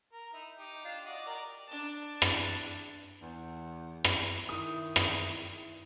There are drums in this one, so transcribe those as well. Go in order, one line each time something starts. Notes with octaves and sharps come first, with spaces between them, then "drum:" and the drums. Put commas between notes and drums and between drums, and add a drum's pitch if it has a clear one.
A#4
D#4 E4
D#4 G4
D4 F4
F#4 D5 D#5
G4 A#4 D5
D4 A5
drum: rim click
E2
drum: rim click
D#3 E4 D#6
drum: rim click